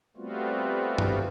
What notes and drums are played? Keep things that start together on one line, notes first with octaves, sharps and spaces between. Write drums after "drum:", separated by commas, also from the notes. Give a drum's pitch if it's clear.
G3 A3 B3 C4 F4 F#4
drum: tom G2